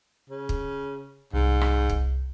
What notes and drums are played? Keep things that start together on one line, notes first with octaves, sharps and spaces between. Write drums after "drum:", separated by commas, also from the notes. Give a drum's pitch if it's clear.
C#3
drum: kick
C2 G#2
drum: rim click
drum: kick